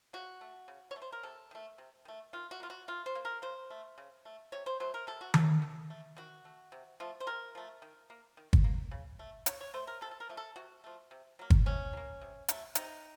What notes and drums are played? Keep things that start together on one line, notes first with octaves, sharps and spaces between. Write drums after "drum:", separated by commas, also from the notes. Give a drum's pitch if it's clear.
C#3 F#4
A3
C#3
C#5
A3
C5
A#4
C3 A4
D#3 A3
C3
D#3 A3
D#3 F4
F#4
A#3 F4
F#4
D#3 F4
C5
A#3
A#4
C#3 C5
A3
C#3
A3
C3 C#5
C5
F#3 A3 C5
A#4
C3 A4
F#4
F#3 A3 A4, drum: tom D#3
D#3
A3
D#3 F#4
A3
C3
F3 A3
C5
C3 A#4
F3 A3
D#3
A#3
D#3
drum: kick
A#3
C#3
A3
C#3 C#5, drum: hi-hat
C#5
A3 C5
A#4
C3 A4
A4
A#4
F3 A3
A4
C3 F#4
F3 A3
C3
F#3 A#3
drum: kick
C3 C#4
F#3
A#3
C3
F#3 A3, drum: hi-hat
C3 D#4, drum: hi-hat